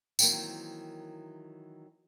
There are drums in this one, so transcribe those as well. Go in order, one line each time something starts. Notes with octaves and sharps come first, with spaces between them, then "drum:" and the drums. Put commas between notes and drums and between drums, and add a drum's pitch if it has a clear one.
D#3 E3 F#3 A#3 C4, drum: tambourine